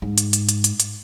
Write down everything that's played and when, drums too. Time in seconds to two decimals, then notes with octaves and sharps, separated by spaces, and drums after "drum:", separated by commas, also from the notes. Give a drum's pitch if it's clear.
0.02 G#2
0.18 drum: hi-hat
0.33 drum: hi-hat
0.49 drum: hi-hat
0.64 drum: hi-hat
0.80 drum: hi-hat